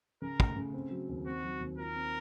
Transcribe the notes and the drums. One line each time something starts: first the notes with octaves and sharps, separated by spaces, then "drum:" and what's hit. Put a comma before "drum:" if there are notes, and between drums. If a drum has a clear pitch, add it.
C#3 A#4
A3, drum: kick
C#3
C4
F#3
D#2
C4 F#4
F#3
D#2
F4 A#4
C4